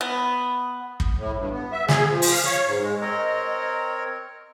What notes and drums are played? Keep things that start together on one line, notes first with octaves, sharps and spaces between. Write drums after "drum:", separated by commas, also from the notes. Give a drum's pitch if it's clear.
B3
drum: kick
A2
G2
B3
E5
G#4, drum: snare
F3
drum: open hi-hat
F5
C#5
G#2
G#3
C4 A#4 C#5 D#5